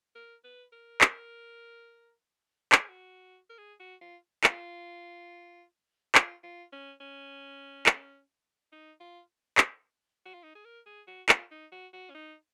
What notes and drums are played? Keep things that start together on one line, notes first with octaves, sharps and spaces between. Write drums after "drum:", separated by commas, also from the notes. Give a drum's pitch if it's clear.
A#4
B4
A#4
drum: clap
F#4, drum: clap
G#4
F#4
A#4
G#4
F#4
F4
F4, drum: clap
F4, drum: clap
F4
C#4
C#4
drum: clap
D#4
F4
drum: clap
F#4
F4
D#4
G#4
A#4
G#4
F#4
F4, drum: clap
D#4
F#4
F#4
C#4
D#4